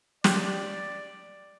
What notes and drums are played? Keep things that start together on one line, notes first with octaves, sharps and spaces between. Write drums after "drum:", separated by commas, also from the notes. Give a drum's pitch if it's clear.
G4 D5, drum: snare